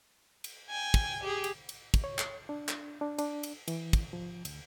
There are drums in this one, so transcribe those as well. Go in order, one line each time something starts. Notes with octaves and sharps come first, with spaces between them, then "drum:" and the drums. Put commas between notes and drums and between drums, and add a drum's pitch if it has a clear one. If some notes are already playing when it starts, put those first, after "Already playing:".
drum: cymbal
G5 G#5
drum: kick, cymbal
G4 G#4
drum: cymbal
drum: cymbal
drum: kick, cymbal
C#5
drum: clap
D4
drum: clap
D4
D4, drum: cymbal
drum: cymbal
E3, drum: cymbal
drum: kick, cymbal
F3
D2, drum: cymbal